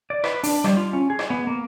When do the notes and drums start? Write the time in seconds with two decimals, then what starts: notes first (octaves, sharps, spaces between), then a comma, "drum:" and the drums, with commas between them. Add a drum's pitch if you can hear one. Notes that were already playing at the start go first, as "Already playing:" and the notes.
0.10 D5
0.24 B4, drum: rim click
0.43 D4, drum: open hi-hat
0.64 G3, drum: rim click
0.77 F4
0.93 C#4
1.10 G#4
1.19 drum: rim click
1.30 B3
1.47 A#3